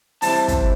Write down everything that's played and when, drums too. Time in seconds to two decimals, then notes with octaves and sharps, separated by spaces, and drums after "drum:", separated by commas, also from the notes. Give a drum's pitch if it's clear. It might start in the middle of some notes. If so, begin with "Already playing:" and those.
0.22 C3 E3 G3 C4 E4 A5, drum: open hi-hat
0.48 drum: kick, hi-hat